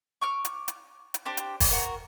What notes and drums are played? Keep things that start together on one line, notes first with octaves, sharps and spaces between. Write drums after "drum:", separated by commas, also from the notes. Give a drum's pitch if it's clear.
C#6 D6 F6
drum: hi-hat
drum: hi-hat
drum: hi-hat
D4 G4 C5
drum: hi-hat
drum: kick, open hi-hat
F#4 A#4